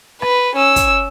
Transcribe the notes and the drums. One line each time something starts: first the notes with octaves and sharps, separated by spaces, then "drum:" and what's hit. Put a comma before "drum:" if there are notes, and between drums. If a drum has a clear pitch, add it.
B4, drum: rim click
C#4 E6
drum: kick, hi-hat